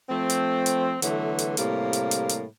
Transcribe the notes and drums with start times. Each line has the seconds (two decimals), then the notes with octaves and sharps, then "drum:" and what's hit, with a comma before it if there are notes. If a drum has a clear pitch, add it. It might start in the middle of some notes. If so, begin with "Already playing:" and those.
0.09 F3 A3 C4
0.30 drum: hi-hat
0.66 drum: hi-hat
1.02 D3 E3 F#3 A3 B3, drum: hi-hat
1.39 drum: hi-hat
1.57 A2 C3 G3 A#3, drum: hi-hat
1.93 drum: hi-hat
2.11 drum: hi-hat
2.29 drum: hi-hat